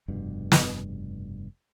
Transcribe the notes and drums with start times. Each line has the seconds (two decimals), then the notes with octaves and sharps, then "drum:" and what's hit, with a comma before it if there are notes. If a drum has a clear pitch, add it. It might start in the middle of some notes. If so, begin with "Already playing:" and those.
0.08 F1 G2 B2
0.52 drum: snare